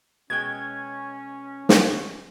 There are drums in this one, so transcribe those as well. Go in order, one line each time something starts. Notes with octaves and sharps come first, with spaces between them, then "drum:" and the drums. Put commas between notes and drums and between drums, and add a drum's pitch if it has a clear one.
B2 G#3 C#4 G5 G#6
drum: snare